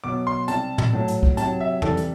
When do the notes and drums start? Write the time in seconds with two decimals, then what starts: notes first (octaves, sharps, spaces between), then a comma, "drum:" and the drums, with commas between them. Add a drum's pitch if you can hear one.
0.04 B2 F#3 D6
0.27 C6
0.48 C3 G3 A5, drum: hi-hat
0.78 drum: tom
0.93 A2 F#3
1.08 drum: hi-hat
1.23 drum: kick
1.37 C3 F#3 A5, drum: hi-hat
1.61 E5
1.82 C3 E3 G3 A4, drum: tom E2
1.97 drum: hi-hat